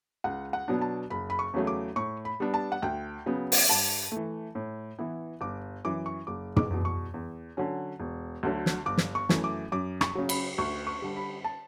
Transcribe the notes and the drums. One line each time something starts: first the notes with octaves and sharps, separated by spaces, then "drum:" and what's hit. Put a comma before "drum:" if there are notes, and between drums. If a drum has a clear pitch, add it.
C#2 F#5
F#5
B2 F#3 B3 D4
A5
F#1 B5
B5
C#6
E2 C#3 F#3 A3
D6
A2 C#6
B5
G3 B3 D4
A5
F#5
D2 G5
C#3 F#3 B3
drum: open hi-hat
G2 A5
E3 A3
A2
E3 B3 E4
G1 D6
F#2 E3 D6
C#6
F#1 D6
D6, drum: tom
E2 B2
C#6
E2
D3 F#3 C#4
E1
D2 D3 F#3
drum: snare
G1 D6
drum: snare
C#6
F#2 E3 A3, drum: snare
D6
F#2 D6
C#6, drum: rim click
C#3 F#3
B5, drum: cymbal
D2 C#6
C#6
D3 G3
B5
A5